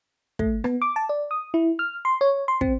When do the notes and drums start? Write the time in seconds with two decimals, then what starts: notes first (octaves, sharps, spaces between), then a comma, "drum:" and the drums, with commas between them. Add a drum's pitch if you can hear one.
0.39 A3, drum: kick
0.64 B3, drum: rim click
0.82 D6
0.96 A5
1.09 D5
1.31 D#6
1.54 E4
1.79 F6
2.05 C6
2.21 C#5
2.48 C6
2.61 C4, drum: kick